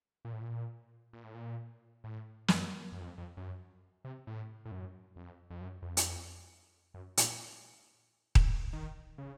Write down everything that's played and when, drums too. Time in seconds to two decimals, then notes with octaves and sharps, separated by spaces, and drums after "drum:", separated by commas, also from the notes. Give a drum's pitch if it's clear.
0.25 A#2
0.33 A2
0.41 A#2
1.13 A#2
1.24 A2
1.34 A#2
2.04 A2
2.48 F#2, drum: snare
2.92 F#2
3.01 F2
3.18 F2
3.37 F#2
4.05 C3
4.27 A2
4.65 A2
4.72 F#2
5.16 F2
5.50 F2
5.61 F#2
5.82 F2
5.97 drum: hi-hat
6.94 F#2
7.17 A#2, drum: hi-hat
8.35 drum: kick D#1
8.73 D#3
9.18 C#3